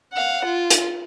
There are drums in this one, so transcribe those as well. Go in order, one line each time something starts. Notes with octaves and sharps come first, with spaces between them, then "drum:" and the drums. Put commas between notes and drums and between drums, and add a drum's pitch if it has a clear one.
F5 F#5
F4
drum: hi-hat